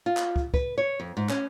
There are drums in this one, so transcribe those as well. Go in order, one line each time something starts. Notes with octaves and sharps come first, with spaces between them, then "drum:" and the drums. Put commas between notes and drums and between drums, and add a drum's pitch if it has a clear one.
F4
drum: clap
drum: kick
B4, drum: kick
C#5
F2
G#2
C#4, drum: clap